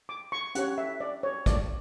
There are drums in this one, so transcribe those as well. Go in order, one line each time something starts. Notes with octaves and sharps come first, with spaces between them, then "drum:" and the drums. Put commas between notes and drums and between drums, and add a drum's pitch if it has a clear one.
D6
C#6
C#4 G4 C#5 F#5, drum: hi-hat
E5
D5
C#5
D5, drum: kick, hi-hat